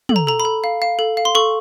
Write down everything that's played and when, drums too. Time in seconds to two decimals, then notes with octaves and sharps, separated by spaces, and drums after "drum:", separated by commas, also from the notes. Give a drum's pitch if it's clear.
0.09 A4, drum: tom
0.16 A#5
0.27 A4 A#5
0.40 B5
0.45 A4
0.64 F5
0.82 F5
0.99 A4
1.17 F5
1.25 C6
1.35 A4 C#6